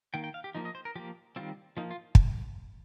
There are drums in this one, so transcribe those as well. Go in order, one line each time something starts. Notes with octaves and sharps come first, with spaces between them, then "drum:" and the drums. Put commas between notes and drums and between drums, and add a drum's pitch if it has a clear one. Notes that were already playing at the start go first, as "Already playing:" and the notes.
D#3 A#3 G5
G5
F5
G4
F3 A#3 D#4
D#5
C5
A#4
F3 A#3 G4
D#3 G3 C4 F4
F3 A#3 D#4
F4
drum: kick